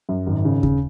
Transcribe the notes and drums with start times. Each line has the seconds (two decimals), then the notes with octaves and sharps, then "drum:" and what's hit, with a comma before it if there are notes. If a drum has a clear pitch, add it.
0.09 F#2
0.27 G#1
0.45 C#3
0.63 C#3, drum: kick D#2